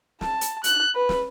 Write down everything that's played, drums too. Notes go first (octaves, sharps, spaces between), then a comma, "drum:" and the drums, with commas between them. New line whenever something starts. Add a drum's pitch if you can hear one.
A5, drum: snare
drum: hi-hat
F#6, drum: hi-hat
B4
drum: snare